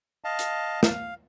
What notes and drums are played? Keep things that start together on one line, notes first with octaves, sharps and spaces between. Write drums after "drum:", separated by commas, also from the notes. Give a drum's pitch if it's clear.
D#5 F5 A5
drum: hi-hat
F5, drum: snare